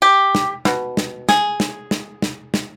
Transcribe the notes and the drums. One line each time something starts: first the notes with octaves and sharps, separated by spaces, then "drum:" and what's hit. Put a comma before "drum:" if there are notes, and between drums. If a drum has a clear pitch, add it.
G4
drum: snare
B2, drum: snare
drum: snare
G#4, drum: snare
drum: snare
drum: snare
drum: snare
drum: snare